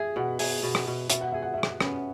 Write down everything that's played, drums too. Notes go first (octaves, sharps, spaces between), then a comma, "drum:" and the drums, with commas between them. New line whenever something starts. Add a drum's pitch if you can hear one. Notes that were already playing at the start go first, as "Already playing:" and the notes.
Already playing: G#4 E5
B2 F#5
G#4 E5, drum: open hi-hat
B2
drum: rim click
B2
B2 E5, drum: hi-hat
F#5
G#4 E5
F#5
B2 E5
drum: rim click
B3 C#4, drum: rim click